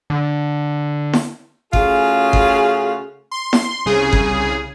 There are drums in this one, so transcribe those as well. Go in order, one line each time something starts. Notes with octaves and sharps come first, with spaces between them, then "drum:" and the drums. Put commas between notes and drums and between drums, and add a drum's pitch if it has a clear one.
D3
drum: snare E4
C#3 A3 C#4 F4 F#4 G#4, drum: kick G1
drum: kick G1
C6
drum: snare E4
C2 C#3 G#4
drum: kick G1